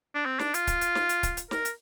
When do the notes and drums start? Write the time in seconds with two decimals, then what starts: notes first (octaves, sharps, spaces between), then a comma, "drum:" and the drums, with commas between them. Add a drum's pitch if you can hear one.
0.15 D4
0.26 C4
0.39 D4, drum: snare
0.54 F4, drum: hi-hat
0.67 drum: kick, hi-hat
0.81 drum: hi-hat
0.95 drum: snare
1.09 drum: hi-hat
1.23 drum: kick, hi-hat
1.37 drum: hi-hat
1.51 A#4, drum: snare
1.65 drum: hi-hat